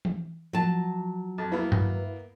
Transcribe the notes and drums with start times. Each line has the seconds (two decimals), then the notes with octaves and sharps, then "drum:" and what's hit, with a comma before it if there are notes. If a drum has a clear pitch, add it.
0.05 drum: tom E3
0.53 F3 F#3 A5
1.38 F2
1.52 A#3 B3 E4 B4 E5
1.72 drum: tom G2